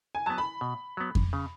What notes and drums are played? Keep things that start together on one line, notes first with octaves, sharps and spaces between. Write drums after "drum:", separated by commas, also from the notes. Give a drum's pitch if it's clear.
G#5
F#3 B3 A5
B5
B2
F#3 B3
drum: kick F2
C#3